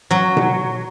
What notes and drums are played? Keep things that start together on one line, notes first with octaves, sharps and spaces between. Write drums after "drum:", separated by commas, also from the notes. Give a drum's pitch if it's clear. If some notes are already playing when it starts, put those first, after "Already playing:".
F#3
drum: tom B2